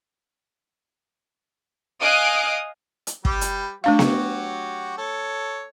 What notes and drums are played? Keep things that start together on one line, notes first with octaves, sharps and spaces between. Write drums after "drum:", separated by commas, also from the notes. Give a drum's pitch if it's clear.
D#5 F5 G#5 D#6 F#6 D7
drum: hi-hat
G3 G4 B4, drum: kick
drum: hi-hat
F#3 A3 D4 F#4 G4 F5
drum: snare B3
A4 C#5